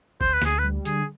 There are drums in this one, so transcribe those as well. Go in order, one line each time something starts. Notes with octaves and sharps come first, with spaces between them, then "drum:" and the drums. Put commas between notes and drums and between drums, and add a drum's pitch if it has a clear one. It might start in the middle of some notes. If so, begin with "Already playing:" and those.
D2 C5, drum: kick G1
B4
D2 G#4, drum: snare
B4
G3
D3 G#4, drum: hi-hat